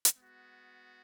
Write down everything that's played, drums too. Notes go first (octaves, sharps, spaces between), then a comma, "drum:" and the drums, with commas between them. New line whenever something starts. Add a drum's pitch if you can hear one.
drum: hi-hat
G#3 B3 F#4